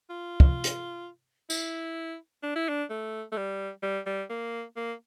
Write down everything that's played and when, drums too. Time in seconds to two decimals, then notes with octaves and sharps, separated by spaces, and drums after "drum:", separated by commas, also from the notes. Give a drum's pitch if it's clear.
0.10 F4
0.40 drum: kick
0.64 drum: hi-hat
1.50 E4, drum: tambourine
2.43 D4
2.56 E4
2.69 D4
2.90 A3
3.32 A3
3.37 G3
3.83 G3
4.07 G3
4.30 A#3
4.77 A#3